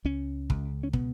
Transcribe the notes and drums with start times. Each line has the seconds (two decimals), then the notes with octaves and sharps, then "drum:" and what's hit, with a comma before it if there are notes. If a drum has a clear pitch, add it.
0.05 C#2 C#4
0.50 C#2, drum: kick
0.83 C#4
0.93 B2 B3, drum: kick